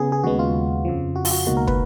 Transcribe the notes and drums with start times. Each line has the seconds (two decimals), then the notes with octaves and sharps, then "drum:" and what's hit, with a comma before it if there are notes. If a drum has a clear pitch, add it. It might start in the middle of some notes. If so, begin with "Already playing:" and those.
Already playing: C#3 B3 G#4
0.12 G#4
0.24 D#2 C#3 G#3 B3 F#4
0.39 F4
0.85 F2 C#3 F3
1.16 F#4
1.25 F4, drum: open hi-hat
1.31 F#4
1.47 C#2 B2 A#3 D#4 F#4
1.57 A#4
1.67 B4, drum: kick